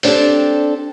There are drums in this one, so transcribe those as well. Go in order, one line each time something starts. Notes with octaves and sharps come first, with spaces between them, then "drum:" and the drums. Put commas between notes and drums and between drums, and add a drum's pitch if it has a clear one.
C4 D4 G4 A4, drum: open hi-hat